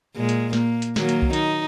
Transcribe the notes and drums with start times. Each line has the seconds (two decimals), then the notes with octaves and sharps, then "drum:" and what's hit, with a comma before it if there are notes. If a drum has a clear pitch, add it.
0.15 A#2 G#3
0.29 drum: hi-hat
0.53 A#3, drum: snare
0.82 drum: hi-hat
0.96 D#3 F#3 A#3, drum: snare
1.09 drum: hi-hat
1.22 drum: kick B1
1.33 D#4, drum: hi-hat